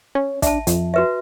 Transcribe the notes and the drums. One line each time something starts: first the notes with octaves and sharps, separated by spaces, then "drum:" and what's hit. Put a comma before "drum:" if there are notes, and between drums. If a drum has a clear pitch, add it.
C#4
D4 E5 A5, drum: kick, hi-hat
F2, drum: hi-hat
F#4 B4 E5